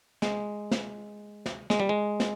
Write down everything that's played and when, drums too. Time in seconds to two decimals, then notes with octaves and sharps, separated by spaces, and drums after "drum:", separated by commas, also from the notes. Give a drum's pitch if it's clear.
0.22 G#3, drum: snare
0.71 drum: snare
1.46 drum: snare
1.70 G#3, drum: snare
1.80 G3
1.89 G#3
2.20 drum: snare